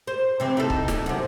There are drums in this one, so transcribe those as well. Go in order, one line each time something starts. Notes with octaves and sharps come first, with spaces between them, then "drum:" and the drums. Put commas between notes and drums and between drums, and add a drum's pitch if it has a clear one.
C5
C3 E3 C4
D#4 E4 A4
drum: kick C#1
drum: snare
F#2 C3